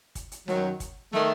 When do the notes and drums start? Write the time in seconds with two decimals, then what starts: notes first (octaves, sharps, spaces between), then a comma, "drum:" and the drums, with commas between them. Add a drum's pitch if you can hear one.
0.15 drum: kick, hi-hat
0.32 drum: hi-hat
0.48 F#2 D#3 F#3, drum: snare
0.80 drum: kick, hi-hat
1.13 D#3 A3, drum: snare